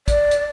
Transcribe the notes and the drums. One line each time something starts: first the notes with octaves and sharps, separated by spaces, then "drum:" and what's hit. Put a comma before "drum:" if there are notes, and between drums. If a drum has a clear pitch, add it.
D5, drum: kick, hi-hat
drum: hi-hat